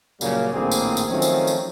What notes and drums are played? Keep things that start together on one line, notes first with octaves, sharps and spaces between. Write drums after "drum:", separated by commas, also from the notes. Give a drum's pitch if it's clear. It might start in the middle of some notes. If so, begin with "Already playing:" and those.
F#2 A#2 C#3 F#3 G3 A#3, drum: tambourine
A#1 D#2 A2 A#3 C4 G#4
drum: tambourine
drum: tambourine
D#3 F3 F#3 A3 C4 C#4
drum: tambourine
drum: tambourine